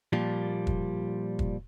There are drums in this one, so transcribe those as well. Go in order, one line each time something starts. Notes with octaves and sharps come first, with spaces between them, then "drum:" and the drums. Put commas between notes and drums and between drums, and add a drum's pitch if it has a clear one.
A#2 F3 G3
drum: kick
drum: kick